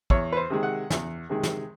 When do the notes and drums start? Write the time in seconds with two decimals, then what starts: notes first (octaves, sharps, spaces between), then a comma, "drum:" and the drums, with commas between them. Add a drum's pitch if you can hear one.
0.10 E2 C#5, drum: kick
0.32 B4
0.37 C5
0.50 C3 D#3 G#3
0.63 F#5
0.90 E2, drum: snare
1.30 C3 D#3 G#3
1.43 drum: snare